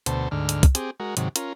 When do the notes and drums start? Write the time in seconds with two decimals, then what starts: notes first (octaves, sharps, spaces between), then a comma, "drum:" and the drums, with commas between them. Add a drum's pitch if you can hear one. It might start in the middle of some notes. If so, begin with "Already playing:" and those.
0.06 D2 B2 C5 A5, drum: hi-hat
0.31 D2 G#2 D3 F6
0.49 drum: hi-hat
0.63 drum: kick, hi-hat
0.75 C4 G4 G#4, drum: hi-hat
1.00 G#3 F#4 A#4
1.17 G#2 C3 D#3 F#3, drum: hi-hat
1.36 C#4 F4 A#4, drum: hi-hat